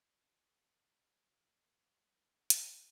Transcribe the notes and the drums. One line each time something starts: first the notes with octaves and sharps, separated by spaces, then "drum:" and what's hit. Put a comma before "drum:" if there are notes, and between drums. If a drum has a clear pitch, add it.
F3
A#3
G3 A#3 F#6 B6 F7
B4 F#5 G#5, drum: hi-hat